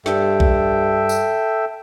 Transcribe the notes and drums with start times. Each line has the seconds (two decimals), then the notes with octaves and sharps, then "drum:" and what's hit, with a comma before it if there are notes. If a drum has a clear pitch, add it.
0.06 G2 A4 E5 G5, drum: snare
0.40 drum: kick B1
1.09 drum: tambourine